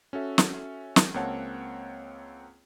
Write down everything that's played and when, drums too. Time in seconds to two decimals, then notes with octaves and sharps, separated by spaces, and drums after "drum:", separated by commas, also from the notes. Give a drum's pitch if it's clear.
0.13 C#4 F#4 A4 E5
0.38 drum: snare
0.96 drum: snare
1.14 C#2 A#3 C4 C#5 F#5 A5